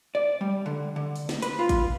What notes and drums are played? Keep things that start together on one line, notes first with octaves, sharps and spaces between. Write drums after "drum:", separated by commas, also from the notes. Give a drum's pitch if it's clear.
D5
G3
D3
D3
drum: open hi-hat
drum: snare
B4, drum: hi-hat
F4
drum: kick, hi-hat